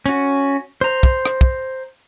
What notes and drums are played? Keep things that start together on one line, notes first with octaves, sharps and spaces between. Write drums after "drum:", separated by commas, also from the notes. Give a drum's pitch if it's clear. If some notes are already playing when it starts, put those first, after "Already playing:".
C#4 F#4, drum: hi-hat
C5 A#5
drum: kick
drum: rim click
drum: kick